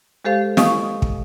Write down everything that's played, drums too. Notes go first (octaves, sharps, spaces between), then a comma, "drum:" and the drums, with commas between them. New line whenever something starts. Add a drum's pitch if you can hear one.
G#3 G4 A4 C5 F5
D#5 F5 G#5 C#6 D#6, drum: snare
drum: kick